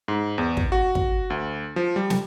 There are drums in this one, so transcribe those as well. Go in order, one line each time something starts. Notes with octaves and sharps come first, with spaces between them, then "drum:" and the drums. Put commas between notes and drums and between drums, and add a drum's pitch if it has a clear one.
G#2
E2
drum: kick
F#4
drum: kick
D2
F3
G3
drum: snare